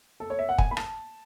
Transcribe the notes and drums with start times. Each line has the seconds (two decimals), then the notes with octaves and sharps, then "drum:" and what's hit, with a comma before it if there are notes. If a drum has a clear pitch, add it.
0.20 A4
0.30 C#5
0.39 E5
0.49 F#5
0.58 G#5, drum: kick
0.71 B5
0.77 A5, drum: rim click